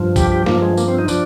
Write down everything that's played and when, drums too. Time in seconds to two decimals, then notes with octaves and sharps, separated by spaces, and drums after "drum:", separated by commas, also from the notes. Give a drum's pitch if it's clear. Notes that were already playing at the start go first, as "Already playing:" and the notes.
Already playing: G2 F3
0.16 G4, drum: kick C2, tambourine
0.32 G4
0.46 G2 F3 A#3, drum: snare
0.62 G#3
0.77 A#3, drum: tambourine
0.88 C4
0.98 D#4
1.08 F3 D4, drum: tambourine